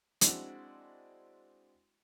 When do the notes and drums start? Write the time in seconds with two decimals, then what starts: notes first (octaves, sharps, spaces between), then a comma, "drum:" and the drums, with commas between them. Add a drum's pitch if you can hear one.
0.21 G#3 C4 D4 E4 F#4, drum: hi-hat